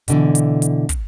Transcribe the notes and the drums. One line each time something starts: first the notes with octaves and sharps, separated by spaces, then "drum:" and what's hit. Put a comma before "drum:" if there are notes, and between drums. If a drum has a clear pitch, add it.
B2 D3 E3, drum: hi-hat
drum: hi-hat
drum: hi-hat
drum: kick, hi-hat